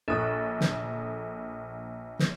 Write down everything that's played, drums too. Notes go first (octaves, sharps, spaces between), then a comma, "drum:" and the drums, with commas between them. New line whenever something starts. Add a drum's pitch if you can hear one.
A#1 A4 C#6 D#6 F#6
drum: snare
drum: snare